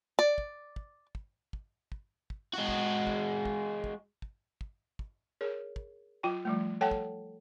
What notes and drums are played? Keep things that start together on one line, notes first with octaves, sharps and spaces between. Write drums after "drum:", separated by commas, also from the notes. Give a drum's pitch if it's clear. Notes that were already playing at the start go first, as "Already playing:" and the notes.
D5
drum: kick
drum: kick
drum: kick
drum: kick
drum: kick
drum: kick
G#3 F#4
drum: kick
drum: kick
drum: kick
drum: kick
drum: kick
drum: kick
drum: kick
G#4 A#4 C#5
drum: kick
F#3 F4 G5
F3 G3 A3
A4 C#5 F#5 G5 A5
drum: kick